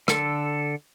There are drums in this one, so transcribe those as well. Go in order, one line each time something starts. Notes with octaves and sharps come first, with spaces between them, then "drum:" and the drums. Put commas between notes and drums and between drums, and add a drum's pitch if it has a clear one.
D3 A4, drum: rim click